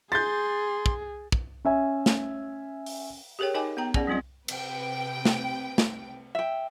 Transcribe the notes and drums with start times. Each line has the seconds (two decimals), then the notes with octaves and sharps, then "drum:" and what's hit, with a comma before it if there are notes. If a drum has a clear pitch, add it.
0.12 G#4 C6 G6 A6
0.86 drum: kick
1.32 drum: kick
1.65 C#4 E5 G#5
2.06 drum: snare
2.86 drum: open hi-hat
3.39 G4 G#4 A#4 C#5 G5
3.54 D#4 A#4 D#5 G5 G#5 D6
3.77 B3 G5 A#5
3.94 C#4 G#4 D5 F#5, drum: kick
4.07 F#3 G3 C4 F4 D#5
4.48 C3 B4 G5, drum: cymbal
5.25 drum: snare
5.78 drum: snare
6.35 E5 G5